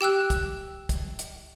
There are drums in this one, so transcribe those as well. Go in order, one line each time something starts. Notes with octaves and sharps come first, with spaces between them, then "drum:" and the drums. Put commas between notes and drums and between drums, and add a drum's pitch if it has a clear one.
G4 G5 E6 F#6
drum: kick, hi-hat
drum: kick, hi-hat
drum: hi-hat